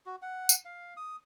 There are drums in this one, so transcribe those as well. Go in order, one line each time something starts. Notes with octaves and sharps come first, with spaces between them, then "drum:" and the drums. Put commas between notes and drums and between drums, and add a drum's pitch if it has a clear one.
F#4
F#5
drum: tambourine
F5
D#6